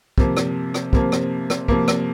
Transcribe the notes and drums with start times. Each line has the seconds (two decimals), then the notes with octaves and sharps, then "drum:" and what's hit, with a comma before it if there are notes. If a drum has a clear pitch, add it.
0.18 C3 F3 A#3, drum: kick
0.37 drum: rim click
0.74 drum: rim click
0.93 C3 F3 A#3, drum: kick
1.12 drum: rim click
1.50 drum: rim click
1.68 C3 F3 A#3, drum: kick
1.88 drum: rim click